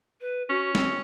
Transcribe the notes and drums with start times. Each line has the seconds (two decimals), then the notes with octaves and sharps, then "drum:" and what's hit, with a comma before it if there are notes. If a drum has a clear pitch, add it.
0.21 B4
0.49 C#4 F#4
0.75 C4, drum: snare